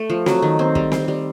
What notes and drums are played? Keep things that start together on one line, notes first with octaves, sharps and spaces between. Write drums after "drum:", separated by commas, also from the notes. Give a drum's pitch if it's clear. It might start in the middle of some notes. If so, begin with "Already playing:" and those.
Already playing: A3
F3
F#3, drum: snare C4
D#3
C4
G3, drum: kick
C4, drum: snare C4
G3